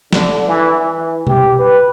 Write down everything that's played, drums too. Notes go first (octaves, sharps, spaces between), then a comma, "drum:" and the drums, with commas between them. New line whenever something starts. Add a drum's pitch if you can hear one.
D3, drum: snare
E3
E3
G4, drum: tom B2
B4